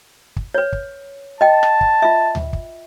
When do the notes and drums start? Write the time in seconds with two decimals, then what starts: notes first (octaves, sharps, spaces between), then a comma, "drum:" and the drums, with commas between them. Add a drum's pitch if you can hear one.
0.36 drum: kick
0.54 B4 C#5
0.73 drum: kick
1.41 D#5 G5 A5
1.63 drum: rim click
1.81 drum: kick
2.02 F4 E5
2.35 drum: tom D2
2.53 drum: kick